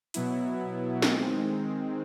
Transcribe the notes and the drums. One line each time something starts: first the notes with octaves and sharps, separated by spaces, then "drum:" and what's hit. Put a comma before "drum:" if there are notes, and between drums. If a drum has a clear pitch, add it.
B2 F#3 B3 E4, drum: hi-hat
D#3 G#3 C4, drum: snare